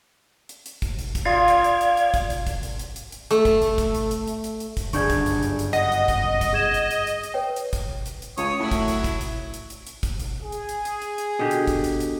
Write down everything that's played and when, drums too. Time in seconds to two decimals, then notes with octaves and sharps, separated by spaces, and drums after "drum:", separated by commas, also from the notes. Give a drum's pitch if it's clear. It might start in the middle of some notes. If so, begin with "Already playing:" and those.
0.49 drum: hi-hat
0.66 drum: hi-hat
0.82 drum: kick, hi-hat
0.99 drum: hi-hat
1.15 drum: kick, hi-hat
1.25 F4 G#4 D5 F5 G#6
1.48 drum: hi-hat
1.64 drum: hi-hat
1.81 drum: hi-hat
1.97 drum: hi-hat
2.14 drum: kick, hi-hat
2.30 drum: hi-hat
2.47 drum: kick, hi-hat
2.63 drum: hi-hat
2.79 drum: hi-hat
2.96 drum: hi-hat
3.12 drum: hi-hat
3.31 A3, drum: hi-hat
3.45 drum: kick, hi-hat
3.62 drum: hi-hat
3.78 drum: kick, hi-hat
3.95 drum: hi-hat
4.11 drum: hi-hat
4.27 drum: hi-hat
4.44 drum: hi-hat
4.60 drum: hi-hat
4.77 drum: kick, hi-hat
4.93 G1 F#2 C#3 D4 G#4 C#6 G6 G#6, drum: hi-hat
5.10 drum: kick, hi-hat
5.26 drum: hi-hat
5.43 drum: hi-hat
5.59 drum: hi-hat
5.73 D#5 F#5, drum: hi-hat
5.92 drum: hi-hat
6.08 drum: kick, hi-hat
6.41 drum: kick, hi-hat
6.53 G#4 G#6 E7
6.74 drum: hi-hat
6.91 drum: hi-hat
7.07 drum: hi-hat
7.23 drum: hi-hat
7.34 B4 C#5 G5
7.56 drum: hi-hat
7.73 drum: kick, hi-hat
8.06 drum: hi-hat
8.22 drum: hi-hat
8.38 C#2 C#5 D#6, drum: hi-hat
8.59 A2 F#3 E4
8.71 drum: kick, hi-hat
8.88 drum: hi-hat
9.04 drum: kick, hi-hat
9.21 drum: hi-hat
9.54 drum: hi-hat
9.70 drum: hi-hat
9.87 drum: hi-hat
10.03 drum: kick, hi-hat
10.19 drum: hi-hat
10.43 G#4
10.52 drum: hi-hat
10.69 drum: hi-hat
10.85 drum: hi-hat
11.02 drum: hi-hat
11.18 drum: hi-hat
11.39 B2 D3 G4
11.51 drum: hi-hat
11.67 drum: kick, hi-hat
11.84 drum: hi-hat
12.00 drum: hi-hat